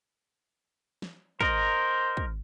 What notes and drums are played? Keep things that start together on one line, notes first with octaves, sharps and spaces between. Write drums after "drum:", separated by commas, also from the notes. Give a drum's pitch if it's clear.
drum: snare
A#4 C5 D#5, drum: kick
drum: kick